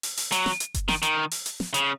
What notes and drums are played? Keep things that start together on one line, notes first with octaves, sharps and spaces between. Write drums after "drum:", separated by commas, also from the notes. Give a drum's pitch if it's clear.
drum: open hi-hat
drum: open hi-hat
F#3, drum: hi-hat
drum: snare
drum: hi-hat
drum: kick F#1, hi-hat
D#3, drum: snare
D#3, drum: hi-hat
drum: open hi-hat
drum: hi-hat
drum: snare
C#3, drum: hi-hat